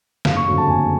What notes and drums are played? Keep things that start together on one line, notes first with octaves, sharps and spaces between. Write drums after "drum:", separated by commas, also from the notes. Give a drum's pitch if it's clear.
F#1 F5, drum: snare
C#6
F2 D3 F#3
A5
F#1 G#5